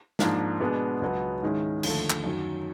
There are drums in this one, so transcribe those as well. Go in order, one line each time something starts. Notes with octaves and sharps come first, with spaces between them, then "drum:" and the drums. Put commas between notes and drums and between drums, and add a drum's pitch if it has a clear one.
G#2 F3 A#3 D4, drum: snare
B2 G#3 B3 D4
C#2 B2 F#3 B3
G#2 D#3 G#3 C#4 E4
D#2 D3 F3 A3, drum: cymbal
drum: clap
F#2 D#3 F#3